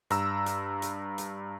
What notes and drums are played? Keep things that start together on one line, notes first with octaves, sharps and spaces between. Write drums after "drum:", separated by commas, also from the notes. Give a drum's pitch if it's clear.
G2 A#5 E6, drum: hi-hat
drum: hi-hat
drum: hi-hat
drum: hi-hat